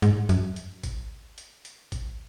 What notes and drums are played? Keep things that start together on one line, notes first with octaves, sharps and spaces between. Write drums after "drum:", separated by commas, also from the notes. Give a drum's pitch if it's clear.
G#2, drum: hi-hat
F#2, drum: hi-hat
drum: hi-hat
drum: kick, hi-hat
drum: hi-hat
drum: hi-hat
drum: kick, hi-hat